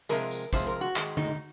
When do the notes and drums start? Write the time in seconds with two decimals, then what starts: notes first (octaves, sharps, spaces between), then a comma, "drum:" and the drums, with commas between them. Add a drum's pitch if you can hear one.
0.09 C3 F3 G#3 A#4, drum: tambourine
0.31 drum: tambourine
0.53 C3 F3 G#3 C5, drum: kick, tambourine
0.67 A#4
0.81 F#4
0.96 G#2 D#3 G#3, drum: clap
1.17 D#4, drum: tom